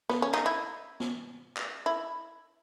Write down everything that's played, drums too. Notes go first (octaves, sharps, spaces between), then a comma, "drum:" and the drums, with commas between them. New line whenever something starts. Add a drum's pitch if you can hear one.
B3, drum: snare
C#4
D#4, drum: clap
E4
drum: snare
drum: clap
E4